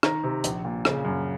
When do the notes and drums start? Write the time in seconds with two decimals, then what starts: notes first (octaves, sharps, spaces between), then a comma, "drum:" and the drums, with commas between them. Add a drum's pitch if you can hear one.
0.03 D#3 A#5, drum: rim click
0.24 C3
0.44 A#1, drum: hi-hat
0.65 A#2
0.85 C#3, drum: rim click
1.05 F#2